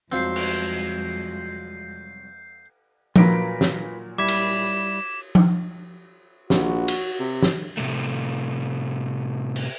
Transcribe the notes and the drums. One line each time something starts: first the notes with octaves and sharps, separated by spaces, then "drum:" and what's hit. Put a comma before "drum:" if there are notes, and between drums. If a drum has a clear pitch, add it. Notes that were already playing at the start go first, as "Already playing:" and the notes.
C2 F2 F#3 G#3 C4 F4 G6 C7
drum: cymbal
A#2 F#3 F4 A#4 B4 D7, drum: tom F3
drum: snare
G3 E4 D6 G#6 B6 E7
drum: cymbal
drum: tom F3
A#1 F#4, drum: snare
drum: cymbal
C3
drum: snare
A2 C3 G3 A3
drum: cymbal